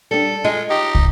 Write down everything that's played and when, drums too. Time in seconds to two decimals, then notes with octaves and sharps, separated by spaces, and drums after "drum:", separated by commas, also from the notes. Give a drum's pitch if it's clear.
0.11 G3 D4 A4
0.44 G#3 F4 D#5
0.70 D#4 G4
0.95 drum: kick